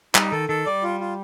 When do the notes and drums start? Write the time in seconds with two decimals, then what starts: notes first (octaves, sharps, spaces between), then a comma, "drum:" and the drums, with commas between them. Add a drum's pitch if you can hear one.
0.15 G3 D#4, drum: clap
0.32 D#3 A4
0.49 D#3 A4
0.66 G3 D5
0.83 F4
1.00 F4